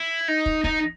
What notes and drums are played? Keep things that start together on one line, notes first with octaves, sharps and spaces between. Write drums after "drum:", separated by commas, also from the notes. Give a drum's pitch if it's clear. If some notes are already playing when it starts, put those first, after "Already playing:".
Already playing: E4
D#4
drum: kick
D#4, drum: kick